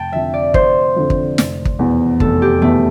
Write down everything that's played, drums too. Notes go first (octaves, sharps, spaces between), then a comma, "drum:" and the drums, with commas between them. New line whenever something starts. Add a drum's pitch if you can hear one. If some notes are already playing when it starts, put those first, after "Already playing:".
Already playing: F1 G5 A5
F2 D3 E5
D5
F1 C5, drum: kick
F2 D3
drum: kick
F1, drum: snare
drum: kick
E2 B2 B3
F1 A4, drum: kick
G4
E2 B2 A3 B3